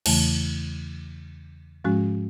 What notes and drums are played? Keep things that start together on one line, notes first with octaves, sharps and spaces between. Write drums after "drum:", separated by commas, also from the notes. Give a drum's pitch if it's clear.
E2 C#3 E3 A3, drum: cymbal
G#2 F3 G#3 C#4 F#4